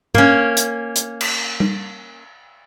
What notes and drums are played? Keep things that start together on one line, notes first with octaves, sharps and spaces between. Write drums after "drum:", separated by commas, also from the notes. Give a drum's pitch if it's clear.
A#3 C#4, drum: tom G#2
drum: hi-hat
drum: hi-hat
drum: cymbal
drum: tom G3